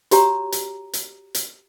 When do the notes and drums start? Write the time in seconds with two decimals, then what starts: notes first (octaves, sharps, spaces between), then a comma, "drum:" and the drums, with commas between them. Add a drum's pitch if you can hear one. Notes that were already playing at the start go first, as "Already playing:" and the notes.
0.11 F#4 G4 C#5 A#5, drum: hi-hat
0.52 drum: hi-hat
0.93 drum: hi-hat
1.35 drum: hi-hat